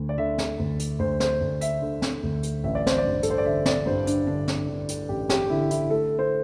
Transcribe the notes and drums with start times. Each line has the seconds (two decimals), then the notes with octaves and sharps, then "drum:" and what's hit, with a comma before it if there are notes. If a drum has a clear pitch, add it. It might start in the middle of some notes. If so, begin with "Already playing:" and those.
Already playing: D2 D3
0.09 D5
0.18 D3 E5
0.38 drum: snare
0.59 D2
0.79 drum: hi-hat
0.99 D2 C5
1.20 C5, drum: snare
1.41 D2
1.61 E5, drum: hi-hat
1.82 D3
2.02 drum: snare
2.23 D2
2.43 drum: hi-hat
2.63 A1 E5
2.75 D5
2.87 C5, drum: snare
2.98 D5
3.04 G2
3.23 A4, drum: hi-hat
3.30 C5
3.38 D5
3.45 D3 E5
3.66 D5, drum: snare
3.86 G2 C5
4.07 D4, drum: hi-hat
4.27 D3 D4
4.48 drum: snare
4.69 D3
4.89 drum: hi-hat
5.09 A1 G4
5.29 G4, drum: snare
5.50 D3 E4
5.71 E4, drum: hi-hat
5.90 A3 A4
6.19 C5